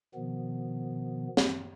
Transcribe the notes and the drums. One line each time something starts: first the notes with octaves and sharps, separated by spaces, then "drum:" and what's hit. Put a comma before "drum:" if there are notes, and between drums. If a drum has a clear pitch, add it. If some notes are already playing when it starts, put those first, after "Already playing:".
B2 D#3 F3 B3
drum: snare